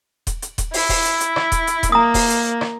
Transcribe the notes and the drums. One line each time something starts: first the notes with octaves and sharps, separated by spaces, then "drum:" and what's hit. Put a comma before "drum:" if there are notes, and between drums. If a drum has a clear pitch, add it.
drum: kick D#1, hi-hat
drum: hi-hat
drum: kick D#1, hi-hat
E4, drum: open hi-hat
drum: kick D#1, open hi-hat
drum: hi-hat
drum: hi-hat
drum: rim click
drum: kick D#1, hi-hat
drum: hi-hat
drum: kick D#1, hi-hat
A#3 A#5 D#6
drum: kick D#1, open hi-hat
drum: hi-hat
drum: rim click